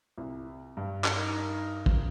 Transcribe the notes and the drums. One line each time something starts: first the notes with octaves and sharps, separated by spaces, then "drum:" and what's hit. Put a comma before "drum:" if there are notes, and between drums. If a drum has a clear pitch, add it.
C2
G2
drum: clap
D#4 A#4
drum: kick